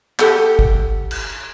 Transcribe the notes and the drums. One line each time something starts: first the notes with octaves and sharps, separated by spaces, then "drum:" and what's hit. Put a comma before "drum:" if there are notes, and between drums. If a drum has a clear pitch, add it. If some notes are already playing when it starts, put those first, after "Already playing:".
G4 A4 F#5, drum: clap
drum: kick
drum: cymbal